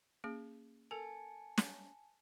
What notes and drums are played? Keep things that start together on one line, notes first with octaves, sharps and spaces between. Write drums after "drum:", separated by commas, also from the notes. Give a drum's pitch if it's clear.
A#3 C#4 G#4
A4 A#4 G#5 A5 C#7
drum: snare